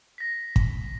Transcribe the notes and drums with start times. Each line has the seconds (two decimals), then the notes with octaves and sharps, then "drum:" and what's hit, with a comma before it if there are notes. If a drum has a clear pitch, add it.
0.18 A#6 B6
0.56 drum: kick